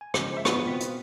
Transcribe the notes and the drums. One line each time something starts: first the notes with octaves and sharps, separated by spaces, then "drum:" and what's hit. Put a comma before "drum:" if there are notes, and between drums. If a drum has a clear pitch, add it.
G#5
C#3 F3 G#3 C5, drum: rim click
C5 E5
B3 F4, drum: rim click
B2 C4 B6
drum: hi-hat